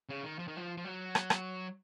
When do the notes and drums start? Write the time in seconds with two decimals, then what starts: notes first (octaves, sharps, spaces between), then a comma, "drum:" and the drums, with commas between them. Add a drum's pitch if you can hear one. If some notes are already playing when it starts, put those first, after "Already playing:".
0.09 C#3
0.24 D#3
0.39 F3
0.48 D#3
0.57 F3
0.77 F3
0.85 F#3
1.15 drum: rim click
1.30 drum: rim click